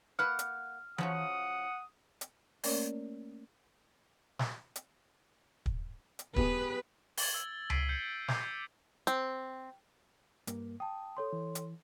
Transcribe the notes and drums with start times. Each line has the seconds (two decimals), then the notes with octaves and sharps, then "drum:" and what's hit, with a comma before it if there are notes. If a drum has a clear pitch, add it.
0.19 A#3 B4 F#5 F6
0.39 drum: hi-hat
0.98 C#3 F3 F#3 F#5 D#6, drum: tom E3
2.21 drum: hi-hat
2.64 A3 A#3 C#4 A#4 C#5 D5, drum: open hi-hat
4.39 drum: snare
4.76 drum: hi-hat
5.66 drum: kick
6.19 drum: hi-hat
6.36 B3 G4 G#4 B4, drum: kick
7.17 G#6 A6 F#7 G7, drum: open hi-hat
7.34 E6
7.70 B6 C7 D7 D#7, drum: tom C#2
7.89 G6 G#6 C7 C#7
8.28 D6 G6 G#6 C7, drum: snare
9.07 C4, drum: hi-hat
10.47 G2 A#3, drum: hi-hat
10.80 G5 A5 D#6
11.17 A4 C#5 C6
11.33 E3
11.55 drum: hi-hat